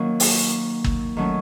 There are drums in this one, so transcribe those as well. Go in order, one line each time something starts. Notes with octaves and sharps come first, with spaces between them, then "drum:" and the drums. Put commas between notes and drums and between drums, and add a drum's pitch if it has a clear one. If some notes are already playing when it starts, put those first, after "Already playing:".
Already playing: D#3 F#3 A#3 C#4
drum: open hi-hat
drum: kick
D#3 F#3 A3 C#4